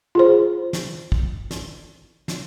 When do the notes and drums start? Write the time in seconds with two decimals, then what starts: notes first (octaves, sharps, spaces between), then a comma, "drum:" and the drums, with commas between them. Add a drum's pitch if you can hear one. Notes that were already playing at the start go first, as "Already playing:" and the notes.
0.15 F4 G#4 C5
0.73 drum: snare
1.12 drum: kick
1.51 drum: snare
2.28 drum: snare